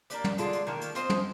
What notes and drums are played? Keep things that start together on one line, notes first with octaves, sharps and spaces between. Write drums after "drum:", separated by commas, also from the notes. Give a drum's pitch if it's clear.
A#3 D4 G4 D5, drum: hi-hat
drum: tom
D3 G#3 D4 F4, drum: hi-hat
drum: hi-hat
D#3 A#3 D4
drum: hi-hat
C4 F4 C5 D#5, drum: hi-hat
drum: tom